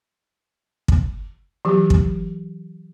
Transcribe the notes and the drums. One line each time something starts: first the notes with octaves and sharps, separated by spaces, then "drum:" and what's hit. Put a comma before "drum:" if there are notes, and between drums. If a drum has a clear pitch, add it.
drum: kick
E3 F#3 G4
drum: kick